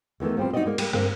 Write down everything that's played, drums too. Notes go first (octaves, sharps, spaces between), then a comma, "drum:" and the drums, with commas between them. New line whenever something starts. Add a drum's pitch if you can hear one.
E2 D#3 E3 A3
F3 G3 C4
F#3 D#4 E4 F#4 D5 D#5
G#3 A#3
G3 A#3, drum: cymbal
G2 A#3 C4 A#4, drum: rim click